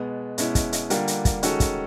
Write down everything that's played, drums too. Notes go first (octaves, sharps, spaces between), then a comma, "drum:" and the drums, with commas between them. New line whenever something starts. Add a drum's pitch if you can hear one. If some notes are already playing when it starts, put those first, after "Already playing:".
Already playing: B2 G#3 B3
B2 G#3 C#4 E4, drum: hi-hat
drum: kick, hi-hat
drum: hi-hat
D3 G3 A#3 D4 F4, drum: hi-hat
drum: hi-hat
drum: kick, hi-hat
D#3 G#3 C#4 F#4 A4, drum: hi-hat
drum: kick, hi-hat